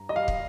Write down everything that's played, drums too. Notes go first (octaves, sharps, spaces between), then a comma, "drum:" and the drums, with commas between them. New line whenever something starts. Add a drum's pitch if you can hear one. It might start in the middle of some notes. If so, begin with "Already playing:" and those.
Already playing: G2 A#5
D#5
F5
drum: kick